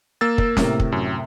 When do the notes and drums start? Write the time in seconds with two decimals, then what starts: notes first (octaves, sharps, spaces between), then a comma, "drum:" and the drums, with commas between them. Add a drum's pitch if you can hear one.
0.21 A#3 E6 A6
0.38 A#4, drum: kick
0.57 A2 C3 A#4, drum: snare
0.80 drum: kick
0.92 F#2